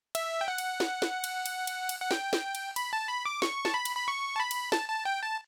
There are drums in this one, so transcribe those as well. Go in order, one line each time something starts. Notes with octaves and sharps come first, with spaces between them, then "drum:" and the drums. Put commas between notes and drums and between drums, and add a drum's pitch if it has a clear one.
E5, drum: cymbal
G5
F#5
drum: cymbal
drum: snare
drum: snare
drum: cymbal
drum: cymbal
drum: cymbal
drum: cymbal
F#5
G5, drum: snare
drum: snare
drum: cymbal
B5, drum: cymbal
A5
B5
D6
C#6, drum: snare
A5, drum: snare
B5
drum: cymbal
B5
C#6
A5
B5
drum: cymbal
A5, drum: snare
A5
G5
A5